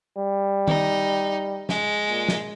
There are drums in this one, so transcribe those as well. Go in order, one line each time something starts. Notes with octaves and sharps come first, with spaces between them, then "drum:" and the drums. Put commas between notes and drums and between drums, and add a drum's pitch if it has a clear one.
G3
D#4, drum: tom D#3
G#3, drum: snare
A#2
drum: snare